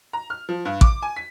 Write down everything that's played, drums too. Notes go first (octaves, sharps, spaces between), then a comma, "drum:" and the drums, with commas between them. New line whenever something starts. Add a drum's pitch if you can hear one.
A#5
F6
F3
G2
D6, drum: kick
G#5
B6